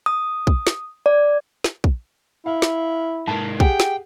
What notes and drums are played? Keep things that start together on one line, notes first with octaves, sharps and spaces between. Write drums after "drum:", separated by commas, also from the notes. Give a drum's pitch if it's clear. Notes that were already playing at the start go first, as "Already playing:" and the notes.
D#6
drum: kick
drum: snare
D5
drum: snare
drum: kick
E4 F5
drum: snare
G#2 A#3 A5
G4 G#4 F#5 G5, drum: kick
drum: snare